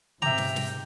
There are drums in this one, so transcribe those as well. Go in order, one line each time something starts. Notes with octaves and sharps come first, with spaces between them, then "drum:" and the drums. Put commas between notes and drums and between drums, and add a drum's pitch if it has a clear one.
G#2 C3 E5 G5 A#5 D6, drum: tom C3
drum: snare
drum: snare